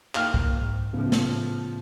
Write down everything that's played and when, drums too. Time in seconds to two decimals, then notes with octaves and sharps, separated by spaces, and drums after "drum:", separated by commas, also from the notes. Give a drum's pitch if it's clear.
0.15 A#3 F5 G5 F6, drum: clap
0.34 drum: kick C2
0.52 G#2
0.93 A2 C#3 F3 B3
1.12 drum: snare